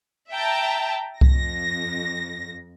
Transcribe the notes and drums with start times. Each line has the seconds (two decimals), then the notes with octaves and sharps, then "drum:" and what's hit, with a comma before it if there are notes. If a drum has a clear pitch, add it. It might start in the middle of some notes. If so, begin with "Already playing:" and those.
0.31 E5 G5 A5 A#5
1.21 F2 A#6, drum: kick C2